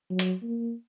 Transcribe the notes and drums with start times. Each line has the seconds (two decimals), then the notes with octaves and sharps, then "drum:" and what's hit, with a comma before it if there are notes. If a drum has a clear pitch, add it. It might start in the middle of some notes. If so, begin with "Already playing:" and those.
0.10 F#3
0.19 drum: hi-hat
0.42 A#3